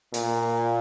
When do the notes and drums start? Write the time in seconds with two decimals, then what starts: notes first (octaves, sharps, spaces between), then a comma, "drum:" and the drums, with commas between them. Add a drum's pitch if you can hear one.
0.14 A#2, drum: hi-hat